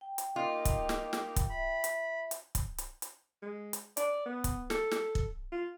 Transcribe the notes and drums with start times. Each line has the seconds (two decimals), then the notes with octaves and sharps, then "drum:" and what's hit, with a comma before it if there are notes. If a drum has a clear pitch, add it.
0.01 G5
0.18 drum: hi-hat
0.36 A#3 D#4 F4 G4 D#5
0.65 drum: kick, hi-hat
0.89 drum: snare
1.13 drum: snare
1.36 drum: kick, hi-hat
1.50 E5 B5
1.84 drum: hi-hat
2.31 drum: hi-hat
2.55 drum: kick, hi-hat
2.78 drum: hi-hat
3.02 drum: hi-hat
3.42 G#3
3.73 drum: hi-hat
3.97 D5, drum: hi-hat
4.26 B3
4.44 drum: kick, hi-hat
4.70 A4, drum: snare
4.91 drum: snare
5.15 drum: kick
5.52 F4